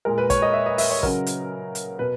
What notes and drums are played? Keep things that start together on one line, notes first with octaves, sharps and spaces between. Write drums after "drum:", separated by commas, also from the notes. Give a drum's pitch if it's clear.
A#2 G#3 A#4
B4
C#5, drum: kick, hi-hat
D#5
E5
D#5
E5, drum: open hi-hat
C#5
C#3 F#3 A#4, drum: kick
drum: hi-hat
drum: hi-hat
B2 B4